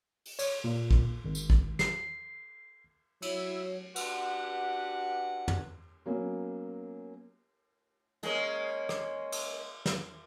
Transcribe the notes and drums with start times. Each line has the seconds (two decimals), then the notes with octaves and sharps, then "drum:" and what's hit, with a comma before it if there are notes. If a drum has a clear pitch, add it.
0.26 drum: open hi-hat
0.39 C#5, drum: cymbal
0.64 A#2
0.91 drum: kick
1.25 G#1
1.35 drum: tambourine
1.50 drum: kick
1.79 C7, drum: snare
3.22 F#3 E4 C#5, drum: cymbal
3.96 D4 F#4 G4 B4 F#5, drum: cymbal
5.48 drum: tom
6.06 F#3 A#3 B3 C#4
8.23 G#3 A#3 C#4, drum: hi-hat
8.89 drum: rim click
9.32 drum: cymbal
9.86 drum: snare